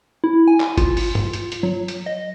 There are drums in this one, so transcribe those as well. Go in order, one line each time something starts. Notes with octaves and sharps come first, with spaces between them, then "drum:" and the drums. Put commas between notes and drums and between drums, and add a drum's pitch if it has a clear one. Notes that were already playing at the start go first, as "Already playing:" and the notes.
E4
G#5
drum: clap
F4, drum: kick G1, hi-hat
drum: open hi-hat
drum: tom G2
drum: hi-hat
drum: hi-hat
F#3
drum: hi-hat
D#5